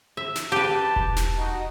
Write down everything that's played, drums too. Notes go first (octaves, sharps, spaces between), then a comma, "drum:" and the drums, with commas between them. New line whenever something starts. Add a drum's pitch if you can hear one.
E5
drum: snare
G4 B4 A5
drum: kick E1
drum: snare
D#4 F#4